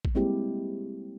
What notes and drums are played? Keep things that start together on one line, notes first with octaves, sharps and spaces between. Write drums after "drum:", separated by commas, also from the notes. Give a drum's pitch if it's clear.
drum: kick
G3 G#3 A#3 C4 E4 G4